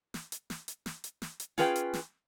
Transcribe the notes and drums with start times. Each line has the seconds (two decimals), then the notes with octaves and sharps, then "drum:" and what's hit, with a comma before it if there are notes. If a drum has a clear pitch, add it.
0.14 drum: snare
0.32 drum: hi-hat
0.50 drum: snare
0.68 drum: hi-hat
0.86 drum: snare
1.04 drum: hi-hat
1.22 drum: snare
1.40 drum: hi-hat
1.58 C#4 F4 G#4 B4 F5 G5, drum: snare
1.76 drum: hi-hat
1.93 drum: snare